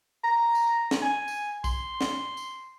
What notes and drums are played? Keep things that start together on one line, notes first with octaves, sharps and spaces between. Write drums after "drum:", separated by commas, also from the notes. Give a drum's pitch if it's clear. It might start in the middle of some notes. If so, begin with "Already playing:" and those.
A#5
drum: tambourine
drum: snare
G#5
drum: tambourine
C6, drum: kick, tambourine
drum: snare
drum: tambourine